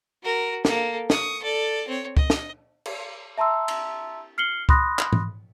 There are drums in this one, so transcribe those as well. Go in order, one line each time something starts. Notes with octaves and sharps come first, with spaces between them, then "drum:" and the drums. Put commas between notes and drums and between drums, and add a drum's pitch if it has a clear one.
F#4 A#4
A#3 A4, drum: snare
C#6 D#6, drum: snare
A4 D5
C4 C#5
D#5, drum: kick C#2
drum: snare
drum: cymbal
E5 A5 A#5 C6 E6
drum: cymbal
F6 C7 C#7 F#7 G7
B5 C6 D#6 F#6 A#6, drum: kick C#2
drum: clap
drum: tom G#2